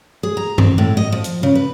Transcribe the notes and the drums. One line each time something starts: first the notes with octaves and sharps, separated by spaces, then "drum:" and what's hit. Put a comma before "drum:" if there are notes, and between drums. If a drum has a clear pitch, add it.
G#4
A#5
C4, drum: tom G2
A2
D#5
F3
drum: hi-hat
C#3
B4